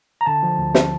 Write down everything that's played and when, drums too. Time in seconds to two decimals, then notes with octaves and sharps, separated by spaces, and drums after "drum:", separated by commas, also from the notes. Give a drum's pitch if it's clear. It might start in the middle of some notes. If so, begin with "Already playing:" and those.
0.21 A#5
0.26 D3 A5
0.43 F3
0.59 D2
0.75 drum: snare